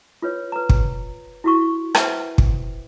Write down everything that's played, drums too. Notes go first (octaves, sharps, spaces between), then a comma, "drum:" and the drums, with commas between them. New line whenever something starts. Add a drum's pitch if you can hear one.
F4 B4 C#5
B4 A#5
drum: kick
E4 F#4 C#6
B4 C5 E5 F#5 G5, drum: rim click
drum: kick